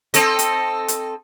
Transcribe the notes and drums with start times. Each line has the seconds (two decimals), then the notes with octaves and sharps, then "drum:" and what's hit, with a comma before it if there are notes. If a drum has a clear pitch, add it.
0.14 C4 A4 D#5, drum: hi-hat
0.39 drum: hi-hat
0.88 drum: hi-hat